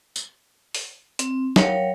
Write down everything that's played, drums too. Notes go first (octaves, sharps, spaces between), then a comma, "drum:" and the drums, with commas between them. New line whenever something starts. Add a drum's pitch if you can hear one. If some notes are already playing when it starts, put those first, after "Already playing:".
drum: tambourine
drum: open hi-hat
C4, drum: hi-hat
F#3 A#4 C#5 F5 G5, drum: snare